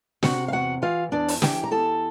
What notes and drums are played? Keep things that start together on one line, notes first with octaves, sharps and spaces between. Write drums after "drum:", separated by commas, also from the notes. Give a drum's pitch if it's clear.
C3 F#4 F#5, drum: snare
F5
E2 F#4 F#5
E3 F4 F5
E2 D4 D5
drum: open hi-hat
E3 G4 G5, drum: snare
A#5
E2 A4 A5